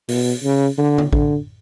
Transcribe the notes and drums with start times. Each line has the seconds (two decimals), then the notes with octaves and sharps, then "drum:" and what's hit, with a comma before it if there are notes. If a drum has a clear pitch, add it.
0.08 B2, drum: open hi-hat
0.43 C#3
0.78 D3
0.98 drum: tom D3
1.13 D3, drum: kick